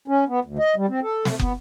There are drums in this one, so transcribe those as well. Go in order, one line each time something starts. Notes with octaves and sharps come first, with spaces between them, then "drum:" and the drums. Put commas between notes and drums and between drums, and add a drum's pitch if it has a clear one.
C#4
B3
D2
D#5
G3
C4
A4
A3, drum: snare
B3, drum: kick